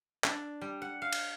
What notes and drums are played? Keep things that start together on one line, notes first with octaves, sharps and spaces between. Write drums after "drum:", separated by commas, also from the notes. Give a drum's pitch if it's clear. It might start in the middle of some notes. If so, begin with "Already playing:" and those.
D4, drum: clap
G3
F#5
F5
drum: cymbal